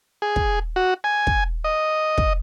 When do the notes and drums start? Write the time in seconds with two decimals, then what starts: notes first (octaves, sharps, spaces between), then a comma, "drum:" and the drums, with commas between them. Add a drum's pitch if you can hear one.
0.22 G#4
0.36 drum: kick
0.76 F#4
1.04 G#5
1.27 drum: kick
1.64 D#5
2.18 drum: kick